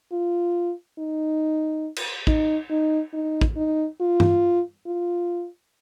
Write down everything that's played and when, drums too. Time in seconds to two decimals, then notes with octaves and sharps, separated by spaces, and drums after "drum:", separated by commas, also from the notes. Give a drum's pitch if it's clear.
0.12 F4
0.98 D#4
1.96 drum: cymbal
2.27 D#4, drum: kick
2.70 D#4
3.13 D#4
3.41 drum: kick
3.56 D#4
4.00 F4
4.20 drum: tom G2
4.87 F4